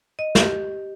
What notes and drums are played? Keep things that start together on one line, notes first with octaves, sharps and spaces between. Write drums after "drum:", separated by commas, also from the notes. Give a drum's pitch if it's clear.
D#5
G4, drum: snare